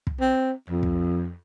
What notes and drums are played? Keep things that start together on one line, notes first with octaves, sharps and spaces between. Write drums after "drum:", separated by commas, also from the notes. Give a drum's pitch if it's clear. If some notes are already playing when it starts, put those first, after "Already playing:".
drum: kick
C4
F2
drum: kick